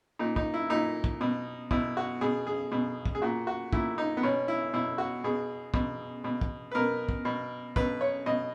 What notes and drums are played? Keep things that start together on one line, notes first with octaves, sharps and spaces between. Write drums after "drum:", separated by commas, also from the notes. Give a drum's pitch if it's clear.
A#2 D#4
D#4, drum: kick
E4
A#2 D#4
drum: kick
B2
B2 E4, drum: kick
F#4
B2 G#4
G#4
B2
drum: kick
G#4
A#2 F#4
F#4
A#2 E4, drum: kick
D#4
B3
B2 C#4
E4
B2 E4
F#4
B2 G#4
B2, drum: kick
B2
drum: kick
B4
B2 A#4
drum: kick
B2
B2 B4, drum: kick
C#5
B2 D#5